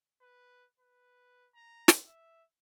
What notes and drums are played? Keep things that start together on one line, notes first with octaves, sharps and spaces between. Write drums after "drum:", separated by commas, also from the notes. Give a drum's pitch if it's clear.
B4
B4
A#5
drum: snare
E5